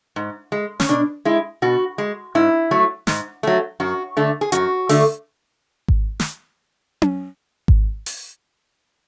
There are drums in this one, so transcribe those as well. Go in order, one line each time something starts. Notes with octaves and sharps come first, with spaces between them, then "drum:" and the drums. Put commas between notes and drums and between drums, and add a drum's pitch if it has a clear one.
G#2
G#3
C#4, drum: snare
B2 D4
G#3 E4
B2 F#4
G#3
G#2 E4
F#3 A3
G#2, drum: snare
F#3 A3
F#2 F#4
D3 A3
G#4
F#2 F#4, drum: hi-hat
D3 A3, drum: open hi-hat
drum: kick G#1
drum: snare
drum: tom C#4
drum: kick G#1
drum: open hi-hat